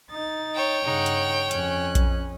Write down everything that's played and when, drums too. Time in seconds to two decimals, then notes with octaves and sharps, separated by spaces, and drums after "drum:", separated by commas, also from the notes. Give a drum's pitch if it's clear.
0.11 D#4 A6
0.55 C#5 G5
0.84 G2 C#3 D#4 F#5
1.06 drum: hi-hat
1.51 F2 C#4 G#5 F#6, drum: hi-hat
1.95 drum: kick A#1, hi-hat